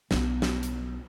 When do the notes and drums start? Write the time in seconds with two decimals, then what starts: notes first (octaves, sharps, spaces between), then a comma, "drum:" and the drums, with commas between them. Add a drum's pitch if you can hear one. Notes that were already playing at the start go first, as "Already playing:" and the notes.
0.11 B1 B3, drum: snare
0.42 drum: snare
0.63 drum: hi-hat